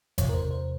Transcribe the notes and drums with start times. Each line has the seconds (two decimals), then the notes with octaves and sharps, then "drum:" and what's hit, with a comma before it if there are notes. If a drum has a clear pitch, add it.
0.18 E2 C3 F3 C#5, drum: kick G#1, hi-hat
0.29 A#4
0.34 C5
0.51 C5